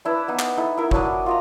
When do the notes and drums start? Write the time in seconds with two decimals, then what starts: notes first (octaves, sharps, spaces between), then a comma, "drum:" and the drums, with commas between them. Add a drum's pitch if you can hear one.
0.05 D4 E4 B4
0.28 B3 D#4
0.39 drum: clap
0.57 D#4 E4 A4
0.77 E4 A#4
0.91 F#3 D4 D#6, drum: kick G1
1.26 F4 D#5 A#5